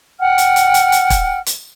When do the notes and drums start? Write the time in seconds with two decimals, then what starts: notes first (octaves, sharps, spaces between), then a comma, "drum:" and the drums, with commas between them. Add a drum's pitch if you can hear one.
0.20 F#5 G5 F6
0.38 drum: hi-hat
0.56 drum: hi-hat
0.74 drum: hi-hat
0.92 drum: hi-hat
1.10 drum: kick, hi-hat
1.46 drum: hi-hat